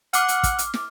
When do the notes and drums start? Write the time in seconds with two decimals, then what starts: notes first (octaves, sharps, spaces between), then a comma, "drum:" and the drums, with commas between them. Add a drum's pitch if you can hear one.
0.13 F#5 D6 F6, drum: hi-hat
0.28 drum: hi-hat
0.43 drum: kick, hi-hat
0.59 drum: hi-hat
0.74 drum: snare